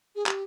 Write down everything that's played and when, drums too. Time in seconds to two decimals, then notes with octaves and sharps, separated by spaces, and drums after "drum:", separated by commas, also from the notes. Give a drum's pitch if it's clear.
0.16 G#4
0.26 G4, drum: clap